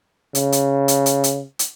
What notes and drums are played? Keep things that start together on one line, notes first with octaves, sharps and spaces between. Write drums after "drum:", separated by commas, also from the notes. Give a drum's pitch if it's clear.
C#3, drum: hi-hat
drum: hi-hat
drum: hi-hat
drum: hi-hat
drum: hi-hat
drum: hi-hat